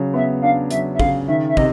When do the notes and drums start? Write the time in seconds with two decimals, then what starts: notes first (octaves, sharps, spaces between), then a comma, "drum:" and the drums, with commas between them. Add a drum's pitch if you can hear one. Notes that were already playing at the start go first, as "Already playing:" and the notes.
Already playing: C#3 F#3
0.14 B3 E5
0.42 D4 F5
0.71 F#3 E5, drum: hi-hat
0.94 E5
0.99 C#3 F5, drum: kick
1.28 D#3 E5
1.49 E5
1.57 C3 D#5, drum: kick